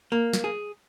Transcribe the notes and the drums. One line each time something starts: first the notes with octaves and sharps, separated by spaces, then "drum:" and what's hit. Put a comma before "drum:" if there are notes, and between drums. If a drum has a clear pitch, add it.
A#3
drum: snare
G#4